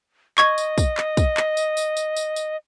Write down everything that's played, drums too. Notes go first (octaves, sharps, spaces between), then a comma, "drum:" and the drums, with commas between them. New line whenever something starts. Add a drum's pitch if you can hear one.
D#5 C#6 G#6, drum: clap
drum: tambourine
drum: kick, tambourine
drum: clap
drum: kick, tambourine
drum: clap
drum: tambourine
drum: tambourine
drum: tambourine
drum: tambourine
drum: tambourine